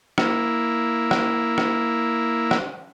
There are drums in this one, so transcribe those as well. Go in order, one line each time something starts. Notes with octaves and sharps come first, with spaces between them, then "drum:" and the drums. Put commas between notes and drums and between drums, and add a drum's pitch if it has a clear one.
A#3 E4, drum: rim click
drum: rim click
drum: rim click
drum: rim click